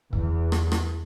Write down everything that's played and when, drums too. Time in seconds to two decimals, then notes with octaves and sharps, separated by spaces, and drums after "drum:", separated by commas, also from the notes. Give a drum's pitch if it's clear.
0.13 E2, drum: kick
0.52 drum: rim click
0.72 drum: rim click